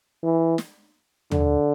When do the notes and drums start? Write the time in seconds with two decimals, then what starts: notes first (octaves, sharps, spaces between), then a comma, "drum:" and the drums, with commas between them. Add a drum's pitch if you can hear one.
0.23 E3
0.58 drum: snare
1.31 D3, drum: tom